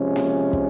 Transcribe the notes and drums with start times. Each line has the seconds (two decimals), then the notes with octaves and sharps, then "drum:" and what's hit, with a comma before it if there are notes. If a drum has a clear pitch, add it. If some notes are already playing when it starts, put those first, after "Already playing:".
Already playing: C3 F3 G#3 C#4
0.16 drum: snare A#3
0.53 drum: kick